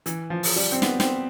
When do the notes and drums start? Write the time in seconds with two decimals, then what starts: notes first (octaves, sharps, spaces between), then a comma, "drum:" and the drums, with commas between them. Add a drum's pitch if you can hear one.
0.06 E3, drum: hi-hat
0.30 F3
0.43 drum: open hi-hat
0.56 G3
0.72 C4
0.82 B3, drum: snare
1.00 C4, drum: snare